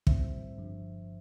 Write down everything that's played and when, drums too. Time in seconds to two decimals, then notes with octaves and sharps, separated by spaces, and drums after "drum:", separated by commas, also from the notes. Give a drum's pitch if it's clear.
0.07 A#1 A2 G3 C4 C5 E5, drum: kick
0.58 G1 G2 F3